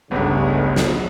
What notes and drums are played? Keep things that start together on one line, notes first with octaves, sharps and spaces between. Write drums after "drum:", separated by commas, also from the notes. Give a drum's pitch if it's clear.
G#1 C#2 G2 C#3 G#3 A3 B3
drum: snare